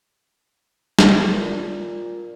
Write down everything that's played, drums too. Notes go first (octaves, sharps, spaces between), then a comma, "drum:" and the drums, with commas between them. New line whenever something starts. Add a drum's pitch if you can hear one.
drum: snare
A#2